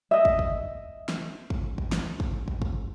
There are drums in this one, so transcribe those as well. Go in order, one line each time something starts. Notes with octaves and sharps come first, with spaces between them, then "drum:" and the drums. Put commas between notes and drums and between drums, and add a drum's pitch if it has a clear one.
D#5 E5
drum: kick
drum: kick
drum: snare
drum: kick
drum: kick
drum: snare
drum: kick
drum: kick
drum: kick